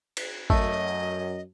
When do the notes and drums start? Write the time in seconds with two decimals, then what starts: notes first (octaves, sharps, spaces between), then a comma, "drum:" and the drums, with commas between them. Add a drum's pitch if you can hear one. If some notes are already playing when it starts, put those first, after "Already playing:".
0.17 drum: cymbal
0.50 F#2 A3 D#5, drum: kick G#1